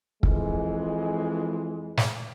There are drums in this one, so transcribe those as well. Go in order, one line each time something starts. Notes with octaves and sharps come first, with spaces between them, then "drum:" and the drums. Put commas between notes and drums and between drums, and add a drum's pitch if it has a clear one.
F2 E3 G#3, drum: kick
drum: snare